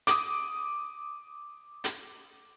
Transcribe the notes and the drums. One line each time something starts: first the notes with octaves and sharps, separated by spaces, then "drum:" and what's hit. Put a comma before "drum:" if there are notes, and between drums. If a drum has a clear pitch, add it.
D6 D#6, drum: hi-hat
drum: hi-hat